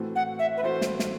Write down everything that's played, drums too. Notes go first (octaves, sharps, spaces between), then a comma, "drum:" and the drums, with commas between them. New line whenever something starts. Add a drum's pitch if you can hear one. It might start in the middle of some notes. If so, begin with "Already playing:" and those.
Already playing: A2 E3 A3 C4 F#4
F#5
E5
B4
A2 E3 A3 C4 F#4 C5
drum: snare
drum: snare